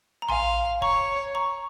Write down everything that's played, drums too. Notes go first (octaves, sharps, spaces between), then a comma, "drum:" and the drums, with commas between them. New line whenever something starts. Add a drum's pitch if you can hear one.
A#5
F5 G#5 C6, drum: tom A#1
C#5 A#5 C#6, drum: kick
A#5 C#6